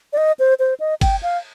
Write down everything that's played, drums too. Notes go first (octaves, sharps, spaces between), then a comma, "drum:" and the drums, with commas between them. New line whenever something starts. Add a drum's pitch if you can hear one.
D5
D#5
C5
C5
D#5
G5, drum: kick, cymbal
F5